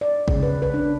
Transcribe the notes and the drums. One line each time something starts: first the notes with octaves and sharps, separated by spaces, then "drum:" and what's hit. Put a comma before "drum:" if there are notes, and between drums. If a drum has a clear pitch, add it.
D5
C#3, drum: kick G#1
B4
B4
D4